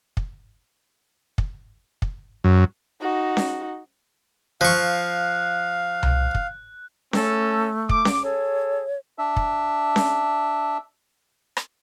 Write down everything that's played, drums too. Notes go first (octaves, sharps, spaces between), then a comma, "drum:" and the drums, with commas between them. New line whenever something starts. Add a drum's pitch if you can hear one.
drum: kick
drum: kick
drum: kick
F#2
D#4 F#4
drum: snare C#4
F3 F5 C#6 F#6
drum: tom C2
drum: kick
A3 C#4 A4, drum: snare C#4
D6, drum: kick
drum: snare C#4
G#4 A4 C#5
D4 E5
drum: kick
drum: snare C#4
drum: rim click